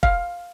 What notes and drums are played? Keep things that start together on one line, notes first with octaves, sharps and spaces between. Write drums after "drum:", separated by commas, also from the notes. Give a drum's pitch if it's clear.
F5, drum: kick